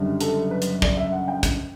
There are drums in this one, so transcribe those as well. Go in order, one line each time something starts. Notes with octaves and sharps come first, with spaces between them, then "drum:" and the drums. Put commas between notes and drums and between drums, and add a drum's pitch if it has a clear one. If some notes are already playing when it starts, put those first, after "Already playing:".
Already playing: F#1 F#2 D3 G3
A4, drum: hi-hat
B4
drum: hi-hat
D5, drum: kick
E5
F#5
G5
drum: kick, hi-hat